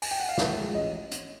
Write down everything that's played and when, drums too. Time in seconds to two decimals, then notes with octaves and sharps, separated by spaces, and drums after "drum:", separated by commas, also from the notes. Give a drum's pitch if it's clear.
0.02 G#5, drum: open hi-hat
0.11 G5
0.20 F#5
0.29 F5
0.38 A1 E5, drum: snare
0.56 G#2 F3
0.74 A1 D#5
1.12 drum: hi-hat